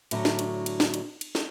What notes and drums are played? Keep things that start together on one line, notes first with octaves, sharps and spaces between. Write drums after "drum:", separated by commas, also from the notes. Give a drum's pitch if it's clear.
A2 D3 F#3, drum: cymbal
drum: snare
drum: cymbal
drum: cymbal
drum: snare
drum: cymbal
drum: cymbal
drum: snare